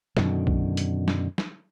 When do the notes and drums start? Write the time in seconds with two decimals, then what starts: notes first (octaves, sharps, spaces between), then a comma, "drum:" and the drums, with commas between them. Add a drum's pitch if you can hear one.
0.17 F#2 B2 D3 D#3, drum: snare
0.47 drum: kick
0.77 drum: hi-hat
1.08 drum: snare
1.38 drum: snare